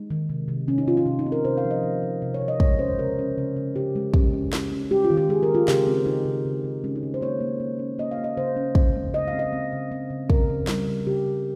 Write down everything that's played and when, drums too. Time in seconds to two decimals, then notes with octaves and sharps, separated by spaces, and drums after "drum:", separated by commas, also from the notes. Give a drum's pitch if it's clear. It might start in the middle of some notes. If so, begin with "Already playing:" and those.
Already playing: G#3 D#4
0.10 D#3
0.30 C3
0.48 C3
0.68 C3 C#4
0.78 D#4
0.87 C3 F4
0.97 F4
1.06 C3 C#4
1.19 D#4
1.26 C4
1.32 A#4
1.45 C3 C5
1.57 F5
1.65 F3
1.71 D#5
1.84 F3
2.03 F3
2.22 C3
2.34 C#5
2.41 C3
2.48 D#5
2.60 G#3 C#5, drum: kick
2.79 C#4 C5
2.98 C#3 A#4
3.19 C#4
3.38 C#3
3.56 C#3
3.76 C#3 G4
3.96 G#3
4.14 C#4, drum: kick
4.33 C#4
4.53 G#3, drum: snare
4.72 C#4
4.91 G#3 G4
5.04 F4
5.10 D#3
5.17 G4
5.29 G#3 G#4
5.43 A#4
5.48 G#3
5.55 F4
5.68 C#3 G4, drum: snare
5.87 C4
6.06 C#3 D#4
6.25 C#3
6.45 C#3
6.64 C#3
6.84 G#3 C#4
6.96 D#4
7.03 C#3
7.14 C5
7.21 A#3 C#5
7.41 A#3
7.60 A#3
7.79 C#4
7.99 A#3 D#5
8.11 F5
8.18 A#3
8.24 D#5
8.37 C#3 C5
8.56 C#4
8.75 C#3, drum: kick
8.95 G#3
9.14 C#3 D#5
9.28 F5
9.33 C4
9.39 D#5
9.53 C4
9.72 C#3
9.91 C4
10.10 C#3
10.30 C#3 A#4, drum: kick
10.49 C#3
10.67 G3, drum: snare
10.88 C#3
11.06 C#3 G4
11.26 C#3